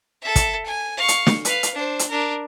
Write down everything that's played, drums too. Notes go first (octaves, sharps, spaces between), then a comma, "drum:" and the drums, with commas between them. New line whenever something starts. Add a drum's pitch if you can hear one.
A4 E5
drum: kick, hi-hat
G#5
F5 C#6
drum: hi-hat
drum: snare
B4 F5, drum: hi-hat
drum: hi-hat
D4 C5
drum: hi-hat
D4 A#4